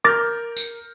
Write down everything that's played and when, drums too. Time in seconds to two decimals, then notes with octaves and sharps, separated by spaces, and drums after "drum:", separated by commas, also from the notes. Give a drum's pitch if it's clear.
0.05 A#4 D6 F6 G6 A6 A#6
0.57 drum: tambourine